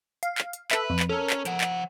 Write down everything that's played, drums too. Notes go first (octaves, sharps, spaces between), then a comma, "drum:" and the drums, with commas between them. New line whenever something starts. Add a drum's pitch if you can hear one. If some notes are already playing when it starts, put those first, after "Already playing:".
F5, drum: hi-hat
drum: clap
drum: hi-hat
A4 B4 E5, drum: clap
F2
drum: clap
C#4 A4 A#4
drum: clap
F3 F#5, drum: hi-hat
drum: clap